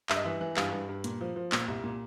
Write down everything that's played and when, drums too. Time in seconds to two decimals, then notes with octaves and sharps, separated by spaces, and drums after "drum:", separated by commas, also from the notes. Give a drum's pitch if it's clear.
0.09 G2 E5, drum: clap
0.16 D#5
0.24 E3 E5
0.41 E3
0.57 G2 F5, drum: clap
0.72 G2
0.89 G2
1.04 A#2, drum: hi-hat
1.21 F3
1.36 F3
1.52 A#2, drum: clap
1.68 C2
1.84 A#2